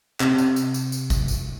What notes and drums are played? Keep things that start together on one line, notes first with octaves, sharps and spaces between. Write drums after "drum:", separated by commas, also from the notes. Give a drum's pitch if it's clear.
C3, drum: clap
drum: tambourine
drum: tambourine
drum: tambourine
drum: tambourine
drum: kick, tambourine
drum: tambourine